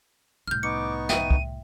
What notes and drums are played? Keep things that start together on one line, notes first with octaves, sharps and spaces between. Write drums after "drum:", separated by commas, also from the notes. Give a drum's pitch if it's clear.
C2 A2 F6 G6
B3 D#4 C#6 D6 C#7
E5 G5 D#7, drum: snare
drum: kick